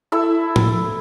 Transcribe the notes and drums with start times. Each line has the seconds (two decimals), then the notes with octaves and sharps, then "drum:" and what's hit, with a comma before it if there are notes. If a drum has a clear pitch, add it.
0.12 E4 A4 E6
0.56 drum: tom A2